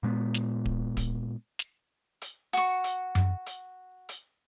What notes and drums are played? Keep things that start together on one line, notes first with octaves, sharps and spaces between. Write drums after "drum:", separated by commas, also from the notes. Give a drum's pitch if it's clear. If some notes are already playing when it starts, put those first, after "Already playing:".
A#2 G#3 A#3 B3
drum: snare
drum: kick D1
drum: kick D1, hi-hat
drum: snare
drum: hi-hat
F#4 C#6
drum: hi-hat
drum: tom F#2
drum: hi-hat
drum: hi-hat